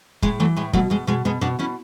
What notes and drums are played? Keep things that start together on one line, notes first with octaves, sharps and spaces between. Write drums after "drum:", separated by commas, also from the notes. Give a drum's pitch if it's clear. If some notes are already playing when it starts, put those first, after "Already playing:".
A2 G#3, drum: kick
E3 F#3 A3
A2 G#3
B2 F#3 A3, drum: kick
B2 G#3
B2 G#3
B2 G#3 B3
B2 B3 D4
B2 C#4 E4